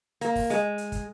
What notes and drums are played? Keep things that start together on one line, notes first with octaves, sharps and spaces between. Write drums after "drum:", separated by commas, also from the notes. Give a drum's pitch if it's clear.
A#3, drum: hi-hat
drum: kick, open hi-hat
G#3, drum: hi-hat
drum: hi-hat
drum: kick, hi-hat